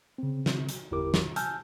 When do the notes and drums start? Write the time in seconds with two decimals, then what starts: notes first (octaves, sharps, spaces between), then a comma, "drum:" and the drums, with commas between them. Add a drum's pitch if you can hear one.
0.18 C#3 C4
0.46 drum: snare
0.69 drum: hi-hat
0.91 G1 E2 E4 G4 A#4 D6
1.14 drum: snare
1.36 G#5 A5 E6 F6 G6, drum: hi-hat